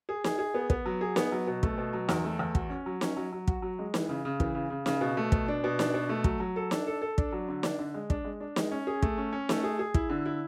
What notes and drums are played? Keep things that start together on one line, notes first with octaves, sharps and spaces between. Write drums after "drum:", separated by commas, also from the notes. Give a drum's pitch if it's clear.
G#4
G#4, drum: snare
G#4
B3
B3, drum: kick
F#3
G#4
B3, drum: snare
F#3
B2
A3, drum: kick
B2
F#3
E2, drum: snare
A3
E2
F#4, drum: kick
C#4
F#3
C#4, drum: snare
F#3
F#3
F#4, drum: kick
F#3
G#3
E3, drum: snare
C#3
C#3
E3, drum: kick
C#3
C#3
C#3, drum: snare
B2
A3
B2, drum: kick
D4
B2
D4, drum: snare
B2
A3
F#3, drum: kick
F#3
A4
D4, drum: snare
A4
A4
D4, drum: kick
F#3
D3
D4, drum: snare
D3
G#3
D4, drum: kick
G#3
D4
G#3, drum: snare
C#4
G#4
A3, drum: kick
C#4
C#4
A3, drum: snare
G#4
G#4
E4, drum: kick
D3
E4